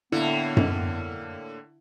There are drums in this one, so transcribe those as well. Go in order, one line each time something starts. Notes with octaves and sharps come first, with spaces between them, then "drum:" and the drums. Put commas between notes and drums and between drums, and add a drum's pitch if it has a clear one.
A2 D3 A#3 B3 E4
drum: tom F#2